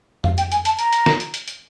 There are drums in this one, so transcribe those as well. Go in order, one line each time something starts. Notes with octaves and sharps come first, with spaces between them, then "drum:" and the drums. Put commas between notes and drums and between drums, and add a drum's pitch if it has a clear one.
F5, drum: tom F2
G5, drum: hi-hat
G#5, drum: hi-hat
A5, drum: hi-hat
A#5, drum: hi-hat
drum: hi-hat
drum: snare
drum: hi-hat
drum: hi-hat
drum: hi-hat